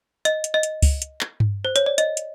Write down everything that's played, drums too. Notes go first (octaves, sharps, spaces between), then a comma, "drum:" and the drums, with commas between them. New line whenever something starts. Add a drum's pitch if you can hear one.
D#5, drum: hi-hat
drum: hi-hat
D#5
drum: hi-hat
drum: kick C#2, open hi-hat
drum: hi-hat
drum: clap
drum: tom G2
C5
C#5, drum: hi-hat
D5
D#5, drum: hi-hat
drum: hi-hat